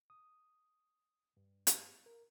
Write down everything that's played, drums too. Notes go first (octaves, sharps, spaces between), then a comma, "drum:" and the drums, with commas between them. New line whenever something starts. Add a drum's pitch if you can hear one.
D#6
G2
drum: hi-hat
A#4